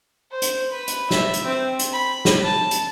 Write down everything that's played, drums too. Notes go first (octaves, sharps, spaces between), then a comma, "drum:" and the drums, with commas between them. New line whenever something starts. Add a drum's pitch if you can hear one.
C5
drum: hi-hat
B4
drum: hi-hat
E5, drum: snare
drum: hi-hat
C4
drum: hi-hat
B5
drum: snare
A5
drum: hi-hat